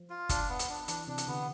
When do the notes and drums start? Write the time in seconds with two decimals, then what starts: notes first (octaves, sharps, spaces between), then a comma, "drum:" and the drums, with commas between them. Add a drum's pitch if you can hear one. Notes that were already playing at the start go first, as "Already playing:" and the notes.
Already playing: F3
0.10 F4
0.29 D4, drum: kick F#1, hi-hat
0.49 B3
0.59 drum: hi-hat
0.69 D4
0.88 E3 D4, drum: hi-hat
1.07 C3 D4
1.18 drum: hi-hat
1.28 D3 B3